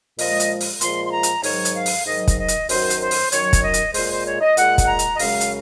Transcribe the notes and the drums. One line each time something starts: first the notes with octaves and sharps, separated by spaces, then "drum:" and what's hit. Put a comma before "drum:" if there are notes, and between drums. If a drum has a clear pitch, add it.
A#2 F3 G#3 D#5, drum: open hi-hat
drum: hi-hat
drum: open hi-hat
A#2 F3 G#3 C6, drum: hi-hat
C6
A#5
drum: hi-hat
G#2 D#3 F#3 C#5, drum: open hi-hat
drum: hi-hat
F5
drum: open hi-hat
G#2 D#3 F#3 D#5
drum: kick, hi-hat
D#5
drum: hi-hat
F#2 D#3 F#3 C5, drum: open hi-hat
drum: hi-hat
C5
drum: open hi-hat
F#2 D#3 F#3 C#5, drum: hi-hat
drum: kick, hi-hat
D#5
drum: hi-hat
A#2 G#3 C5, drum: open hi-hat
C5
C#5
D#5
A#2 G#3 F#5, drum: hi-hat
drum: kick, hi-hat
A#5
drum: hi-hat
D#5
F#2 C#3 G#3 F5, drum: open hi-hat
drum: hi-hat